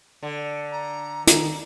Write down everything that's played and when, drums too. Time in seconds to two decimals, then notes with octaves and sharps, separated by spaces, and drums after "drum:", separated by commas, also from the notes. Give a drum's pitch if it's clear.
0.23 D3
0.71 A#5
1.27 D#3 A#5, drum: hi-hat